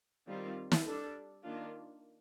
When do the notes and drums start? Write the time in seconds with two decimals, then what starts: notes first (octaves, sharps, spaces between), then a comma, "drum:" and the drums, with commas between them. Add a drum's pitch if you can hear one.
0.28 D#3 G3 C4 F4
0.72 drum: snare
0.85 G3 D4 A4
1.44 D#3 A#3 D4 F4